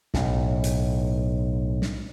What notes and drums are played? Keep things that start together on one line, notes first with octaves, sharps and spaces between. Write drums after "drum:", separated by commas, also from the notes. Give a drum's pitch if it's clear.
B1 A2, drum: snare
drum: hi-hat
drum: snare